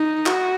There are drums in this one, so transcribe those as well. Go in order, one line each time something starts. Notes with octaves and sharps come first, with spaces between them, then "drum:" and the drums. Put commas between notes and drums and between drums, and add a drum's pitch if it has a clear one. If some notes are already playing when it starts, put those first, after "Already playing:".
Already playing: D#4
F#4, drum: clap